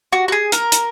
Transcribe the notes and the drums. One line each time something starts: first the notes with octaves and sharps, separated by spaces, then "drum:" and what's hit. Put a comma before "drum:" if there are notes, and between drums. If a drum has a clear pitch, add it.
F#4
F#4
G#4
A#4, drum: hi-hat
drum: hi-hat